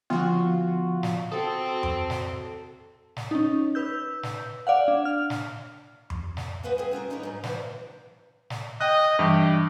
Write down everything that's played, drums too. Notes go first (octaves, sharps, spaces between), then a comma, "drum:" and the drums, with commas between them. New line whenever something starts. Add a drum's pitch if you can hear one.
D3 F3 B3 F4 F#4
drum: snare
C4 F#4 A4 D#6
drum: tom F2
drum: snare
drum: snare
C#4 D#4
B4 E6 G6
drum: snare
D5 F5 F#5
D4
F6
drum: snare
drum: tom F2
drum: snare
B3 F#4 B4 C5 F5 G#5
C4 G#4
C#4 F4 F#4 A#4
D4 D#4 A#4 B4 C#5
G#2 F#3
E3 B3 F4 F#4 C5 D5, drum: snare
drum: snare
D#5 G5 F#6
G2 E3 G4